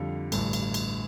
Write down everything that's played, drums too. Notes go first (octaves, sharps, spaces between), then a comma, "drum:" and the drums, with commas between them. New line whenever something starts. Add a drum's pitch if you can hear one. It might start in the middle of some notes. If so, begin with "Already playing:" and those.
Already playing: F2 D3 G3 F5
A1 G2 D3, drum: cymbal
drum: cymbal
drum: cymbal